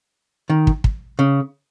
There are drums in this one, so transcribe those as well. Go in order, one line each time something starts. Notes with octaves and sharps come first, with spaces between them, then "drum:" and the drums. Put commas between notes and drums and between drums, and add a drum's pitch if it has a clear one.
D#3
drum: kick
drum: kick
C#3